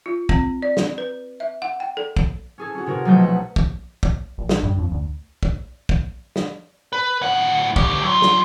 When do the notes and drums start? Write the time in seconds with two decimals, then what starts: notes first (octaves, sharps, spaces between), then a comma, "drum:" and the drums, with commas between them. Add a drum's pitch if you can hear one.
0.06 F4
0.29 C4, drum: kick
0.62 D5
0.77 drum: snare
0.98 B4
1.40 E5
1.62 F#5
1.80 G5
1.97 A4
2.17 drum: kick
2.58 C#4 G#4 A4
2.75 C#4 F#4
2.86 C3 F#4 A#4
3.05 B1 F3 F#3 A3 D#5 G6
3.18 E5 F#5
3.56 drum: kick
4.03 drum: kick
4.38 A#1
4.49 drum: snare
4.63 G2
4.78 F2
4.91 D2
5.43 drum: kick
5.89 drum: kick
6.36 drum: snare
6.93 B4
7.22 A2 F#5
7.76 D2 G4, drum: kick
8.03 F#3 F4
8.22 drum: snare